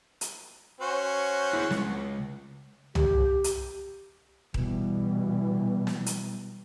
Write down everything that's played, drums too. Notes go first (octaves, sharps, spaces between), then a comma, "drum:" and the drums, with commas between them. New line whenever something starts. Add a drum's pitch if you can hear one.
drum: hi-hat
C#4 F#4 C5
E4 G#4
C#3 G#3, drum: snare
G4, drum: tom C2
drum: hi-hat
B2 E3 G3, drum: kick D#1
drum: snare
drum: hi-hat